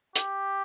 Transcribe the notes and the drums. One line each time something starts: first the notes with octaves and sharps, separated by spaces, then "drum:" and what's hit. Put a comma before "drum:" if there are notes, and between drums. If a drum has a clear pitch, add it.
G4, drum: hi-hat